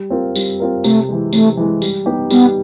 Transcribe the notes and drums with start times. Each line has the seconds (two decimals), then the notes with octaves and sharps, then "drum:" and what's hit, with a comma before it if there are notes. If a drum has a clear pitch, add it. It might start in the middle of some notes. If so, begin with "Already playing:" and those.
Already playing: G3
0.10 C4 F4 A#4
0.36 G3, drum: tambourine
0.60 C4 F4 A#4
0.84 C3 A3, drum: tambourine
1.09 E3 G#3
1.33 C3 A3, drum: tambourine
1.57 E3 G#3
1.82 G3, drum: tambourine
2.06 B3 D#4 G4
2.30 G3 B3, drum: tambourine